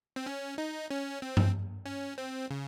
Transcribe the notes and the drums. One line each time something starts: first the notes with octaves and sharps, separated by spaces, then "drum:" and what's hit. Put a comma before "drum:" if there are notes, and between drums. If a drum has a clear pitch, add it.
C4
C#4
D#4
C#4
C4
drum: tom G2
C#4
C4
C#3